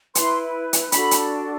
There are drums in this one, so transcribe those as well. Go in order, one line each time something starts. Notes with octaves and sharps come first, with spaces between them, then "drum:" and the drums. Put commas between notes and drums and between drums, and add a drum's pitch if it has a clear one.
E4 B4 C6, drum: hi-hat
drum: hi-hat
D4 F#4 A4 B5, drum: hi-hat
drum: hi-hat